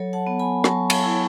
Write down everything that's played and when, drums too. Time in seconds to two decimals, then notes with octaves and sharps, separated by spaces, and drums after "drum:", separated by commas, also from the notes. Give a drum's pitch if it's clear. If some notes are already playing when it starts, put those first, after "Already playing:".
Already playing: F#3 A4 C#5
0.13 F#5 A5
0.27 B3
0.39 G#5 B5
0.64 F#3 A5 C#6, drum: rim click
0.90 A5 C#6, drum: cymbal
1.04 E4